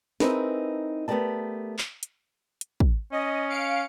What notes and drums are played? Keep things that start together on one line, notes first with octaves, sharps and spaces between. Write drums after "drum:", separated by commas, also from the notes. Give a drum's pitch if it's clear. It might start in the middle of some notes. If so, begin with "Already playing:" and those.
C4 D#4 E4 G#4 A#4 B4, drum: snare
A3 B3 G4 A#4 D5 A5
drum: clap
drum: hi-hat
drum: hi-hat
drum: kick
C#4 D#5
F5 C#7 D7